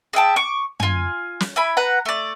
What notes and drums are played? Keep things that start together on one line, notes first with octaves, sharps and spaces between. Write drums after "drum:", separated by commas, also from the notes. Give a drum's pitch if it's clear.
G#4 E5 G5 A5
C#6 D6
F4 G#5, drum: tom
drum: snare
E4 G#5 B5
B4 F#5 A#5
A3 D5